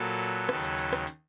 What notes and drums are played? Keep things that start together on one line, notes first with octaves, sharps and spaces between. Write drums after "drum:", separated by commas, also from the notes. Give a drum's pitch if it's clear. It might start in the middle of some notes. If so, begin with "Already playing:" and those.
Already playing: A#2 F#3 A4 B4
D#2 C#3 F#3, drum: rim click
drum: hi-hat
drum: hi-hat
drum: rim click
drum: hi-hat